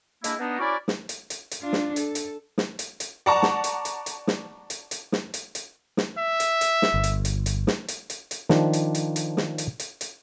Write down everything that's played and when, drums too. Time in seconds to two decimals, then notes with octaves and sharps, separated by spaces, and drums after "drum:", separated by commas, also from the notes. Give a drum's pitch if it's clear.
0.24 G#3 A#3 D4 E4, drum: hi-hat
0.39 B3 D4 D#4
0.59 C#4 E4 F#4 A#4 D5
0.88 drum: snare
1.09 drum: hi-hat
1.30 drum: hi-hat
1.51 drum: hi-hat
1.61 D4 F4
1.73 drum: snare
1.96 A4, drum: hi-hat
2.15 drum: hi-hat
2.58 drum: snare
2.79 drum: hi-hat
3.00 drum: hi-hat
3.26 D5 F#5 A5 A#5 C#6
3.43 drum: snare
3.64 drum: hi-hat
3.85 drum: hi-hat
4.06 drum: hi-hat
4.27 drum: snare
4.70 drum: hi-hat
4.91 drum: hi-hat
5.12 drum: snare
5.34 drum: hi-hat
5.55 drum: hi-hat
5.97 drum: snare
6.18 E5
6.40 drum: hi-hat
6.61 drum: hi-hat
6.82 drum: snare
6.94 G1
7.03 drum: hi-hat
7.25 drum: hi-hat
7.46 drum: hi-hat
7.67 drum: snare
7.88 drum: hi-hat
8.10 drum: hi-hat
8.31 drum: hi-hat
8.49 D#3 F3 D4, drum: snare
8.73 drum: hi-hat
8.95 drum: hi-hat
9.16 drum: hi-hat
9.37 drum: snare
9.58 drum: hi-hat
9.80 drum: hi-hat
10.01 drum: hi-hat